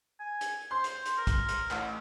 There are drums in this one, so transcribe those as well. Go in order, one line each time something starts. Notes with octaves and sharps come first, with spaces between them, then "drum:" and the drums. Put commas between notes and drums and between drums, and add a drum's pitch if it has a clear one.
G#5
drum: hi-hat
C5 C6
drum: hi-hat
drum: hi-hat
A#4
drum: kick, hi-hat
drum: hi-hat
A1, drum: clap